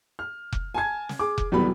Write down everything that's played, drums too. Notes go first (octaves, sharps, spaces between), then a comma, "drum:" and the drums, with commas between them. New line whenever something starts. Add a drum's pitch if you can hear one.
F6
drum: kick F1
G#5 A5 G#6
drum: snare
G#4 D6
drum: kick F1
F1 E2 F#3 G3 B3 B5